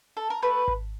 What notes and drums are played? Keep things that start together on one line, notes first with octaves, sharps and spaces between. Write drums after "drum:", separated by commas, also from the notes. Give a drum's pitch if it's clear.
A4
A#4
A3 B4
drum: kick G#1